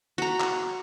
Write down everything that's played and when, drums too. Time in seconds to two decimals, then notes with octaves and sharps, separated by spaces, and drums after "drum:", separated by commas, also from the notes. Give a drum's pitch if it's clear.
0.18 F#4 A#5
0.40 drum: clap